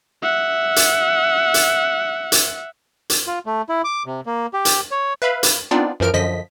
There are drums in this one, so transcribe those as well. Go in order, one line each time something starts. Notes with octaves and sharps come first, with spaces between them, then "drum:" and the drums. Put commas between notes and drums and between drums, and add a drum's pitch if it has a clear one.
E5 F#5
drum: hi-hat
drum: hi-hat
drum: hi-hat
drum: hi-hat
F4
A3
E4
D6
C3
A#3
G4
drum: hi-hat
C#5
B4 E5 F5 B5
drum: hi-hat
B3 C4 D4 D#4 F4 D5
F#2 E3 F3 A#4 F6 D7
F#2 D3 F3 D#5 B6